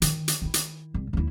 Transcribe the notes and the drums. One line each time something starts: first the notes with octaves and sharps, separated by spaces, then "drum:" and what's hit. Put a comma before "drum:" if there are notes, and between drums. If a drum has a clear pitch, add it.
D#3, drum: hi-hat
drum: hi-hat
D#3 E4
drum: hi-hat
C2
D#2 E4